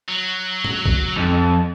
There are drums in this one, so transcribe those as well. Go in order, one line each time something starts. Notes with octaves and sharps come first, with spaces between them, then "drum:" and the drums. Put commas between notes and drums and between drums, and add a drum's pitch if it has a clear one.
F#3
drum: tom A2
drum: kick G#1
F2